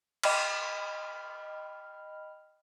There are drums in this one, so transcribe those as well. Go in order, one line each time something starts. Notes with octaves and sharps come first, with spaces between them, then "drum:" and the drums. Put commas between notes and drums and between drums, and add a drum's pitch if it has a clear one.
D#5 G5 B5 F6, drum: cymbal